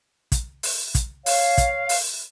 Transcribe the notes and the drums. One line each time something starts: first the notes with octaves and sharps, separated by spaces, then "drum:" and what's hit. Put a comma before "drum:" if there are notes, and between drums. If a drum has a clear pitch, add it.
drum: kick, hi-hat
drum: open hi-hat
drum: kick, hi-hat
C#5 F5, drum: open hi-hat
drum: kick, hi-hat
drum: open hi-hat